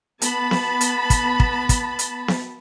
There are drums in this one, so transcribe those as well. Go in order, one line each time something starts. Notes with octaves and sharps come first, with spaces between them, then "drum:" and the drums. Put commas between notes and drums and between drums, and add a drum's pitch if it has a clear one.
B3 A5 B5, drum: hi-hat
drum: snare B3
drum: hi-hat
drum: kick, hi-hat
drum: kick
drum: kick, hi-hat
drum: hi-hat
drum: snare B3